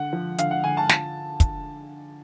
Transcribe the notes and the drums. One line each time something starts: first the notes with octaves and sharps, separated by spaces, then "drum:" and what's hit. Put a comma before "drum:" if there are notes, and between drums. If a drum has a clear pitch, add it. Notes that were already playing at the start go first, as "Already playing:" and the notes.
Already playing: D3 F#5
F3
D3 F5, drum: hi-hat
F#5
D3 G#5
A5
F4, drum: snare
drum: kick, hi-hat